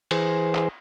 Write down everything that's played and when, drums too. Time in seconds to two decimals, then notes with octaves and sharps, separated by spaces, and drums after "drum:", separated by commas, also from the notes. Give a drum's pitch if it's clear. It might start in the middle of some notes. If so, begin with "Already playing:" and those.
0.11 E3 G#4 C5, drum: cymbal
0.55 drum: clap